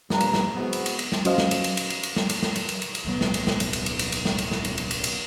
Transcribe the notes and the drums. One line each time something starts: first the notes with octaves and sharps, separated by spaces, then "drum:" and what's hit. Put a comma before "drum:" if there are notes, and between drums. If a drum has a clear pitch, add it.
G2 A#2 B4 A#5, drum: snare
drum: cymbal
drum: snare
G#3 B3 C4 E4 F#4
drum: cymbal
drum: cymbal
drum: cymbal
drum: snare
F#3 C#4 F#4 C5 D#5 F5, drum: cymbal
drum: snare
drum: cymbal
drum: cymbal
drum: cymbal
drum: cymbal
drum: cymbal
drum: snare
drum: cymbal
drum: snare
drum: cymbal
drum: cymbal
drum: cymbal
drum: cymbal
D1 B1 F#3 B3
drum: snare
drum: cymbal
drum: snare
drum: cymbal
drum: cymbal
drum: cymbal
drum: cymbal
drum: cymbal
drum: snare
drum: cymbal
drum: snare
drum: cymbal
drum: cymbal
drum: cymbal
drum: cymbal